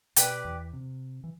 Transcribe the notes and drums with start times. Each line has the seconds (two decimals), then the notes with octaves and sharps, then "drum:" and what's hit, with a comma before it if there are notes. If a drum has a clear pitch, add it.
0.16 B2 G4 B4 D5 G5, drum: hi-hat
0.45 E2
0.73 C3
1.24 E3